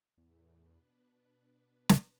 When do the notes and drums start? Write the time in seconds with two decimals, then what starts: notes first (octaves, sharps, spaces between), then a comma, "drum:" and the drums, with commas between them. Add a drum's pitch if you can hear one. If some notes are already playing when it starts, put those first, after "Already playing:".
0.16 E2 A2 E3 A3
0.60 B2 B3 D4 B4
1.89 drum: snare